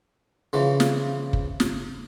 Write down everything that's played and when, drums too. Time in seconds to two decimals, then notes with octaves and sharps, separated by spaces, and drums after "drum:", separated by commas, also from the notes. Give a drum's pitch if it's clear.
0.53 C#3 E3 F3
0.80 drum: snare
1.33 drum: kick
1.60 drum: snare